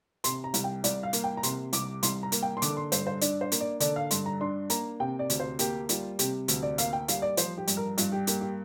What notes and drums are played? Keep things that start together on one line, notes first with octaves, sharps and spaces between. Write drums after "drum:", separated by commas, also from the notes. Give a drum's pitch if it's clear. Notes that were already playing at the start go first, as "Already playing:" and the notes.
C3 C6, drum: hi-hat
A#5
C2, drum: hi-hat
G5
C2 D5, drum: hi-hat
F5
A#3, drum: hi-hat
G5
A#5
C3 C6, drum: hi-hat
C2 D6, drum: hi-hat
C2 C6, drum: hi-hat
A#5
A#3, drum: hi-hat
G5
C6
D3 D6, drum: hi-hat
C6
G2 C5, drum: hi-hat
C5
D4 D5, drum: hi-hat
C5
A#3, drum: hi-hat
D5
D3 D5, drum: hi-hat
F5
G2 C6, drum: hi-hat
A#5
D4 C6
A#3 A#5, drum: hi-hat
C3 G5
D5
D2, drum: hi-hat
C5
A#3 G4, drum: hi-hat
G3 F4, drum: hi-hat
C3 G4, drum: hi-hat
D2, drum: hi-hat
D5
A#3 F5, drum: hi-hat
G5
G3 F5, drum: hi-hat
D5
F3 C5, drum: hi-hat
G4
G2, drum: hi-hat
A#4
G2 F4, drum: hi-hat
G4
A#3 G4, drum: hi-hat
G4